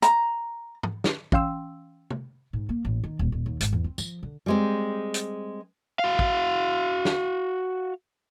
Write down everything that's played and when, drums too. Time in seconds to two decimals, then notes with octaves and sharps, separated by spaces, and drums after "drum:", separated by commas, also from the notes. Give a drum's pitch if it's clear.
0.02 A#5, drum: hi-hat
0.83 drum: tom
1.04 drum: snare
1.32 E3 C#4 F5 G5 C6 E6, drum: kick
2.10 drum: tom
2.53 G#2
2.69 A#3
2.85 A1
3.04 D#3
3.19 D#1
3.32 D#1
3.46 D#2
3.60 G#1, drum: hi-hat
3.73 E2
3.84 C4
3.98 F3, drum: tambourine
4.23 D3
4.46 G3 G#3 C4
5.14 drum: hi-hat
5.99 F#4 F5
6.19 drum: kick
7.05 drum: snare